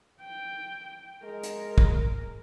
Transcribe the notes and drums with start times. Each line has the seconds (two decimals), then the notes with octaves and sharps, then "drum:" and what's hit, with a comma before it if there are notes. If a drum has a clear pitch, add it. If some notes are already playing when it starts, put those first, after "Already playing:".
0.21 G5
1.23 G#3 A#4
1.43 drum: hi-hat
1.78 drum: kick